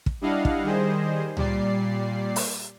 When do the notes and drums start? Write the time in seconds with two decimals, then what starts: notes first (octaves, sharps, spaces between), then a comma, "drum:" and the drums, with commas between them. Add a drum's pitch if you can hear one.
0.06 drum: kick
0.21 G3 D4 E4 D#5 F5 F#5
0.45 drum: kick
0.63 D#3 G3 G#4 C5 D#5
1.37 A#2 G3 D5 C7, drum: tom C#2
2.36 drum: open hi-hat